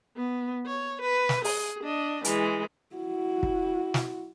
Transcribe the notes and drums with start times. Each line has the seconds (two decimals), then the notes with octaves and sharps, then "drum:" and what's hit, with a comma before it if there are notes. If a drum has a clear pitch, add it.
0.16 B3
0.66 C#5
1.01 B4
1.29 drum: snare
1.44 G#4, drum: open hi-hat
1.83 D4 D#5
2.25 E3 G#3, drum: hi-hat
2.96 E4 F#4
3.43 drum: kick
3.94 drum: snare